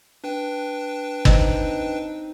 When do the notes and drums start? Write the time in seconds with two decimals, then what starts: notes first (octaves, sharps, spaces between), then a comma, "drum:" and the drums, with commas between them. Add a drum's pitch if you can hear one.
0.24 D4 B4 G5
1.25 C4 D#4, drum: kick